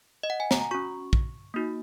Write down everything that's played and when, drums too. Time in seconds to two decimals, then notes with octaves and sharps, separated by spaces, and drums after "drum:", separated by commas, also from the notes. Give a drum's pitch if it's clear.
0.23 D#5
0.30 F#5
0.40 G#5
0.51 A#5, drum: snare
0.61 A#5
0.71 C#4 F#4 C#6
1.13 drum: kick
1.54 A#3 D#4 F#4